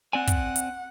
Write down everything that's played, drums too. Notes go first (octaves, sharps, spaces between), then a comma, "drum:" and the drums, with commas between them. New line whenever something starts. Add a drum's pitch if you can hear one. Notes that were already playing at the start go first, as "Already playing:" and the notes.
C4 D5 F#5 G#5
drum: kick, hi-hat
drum: hi-hat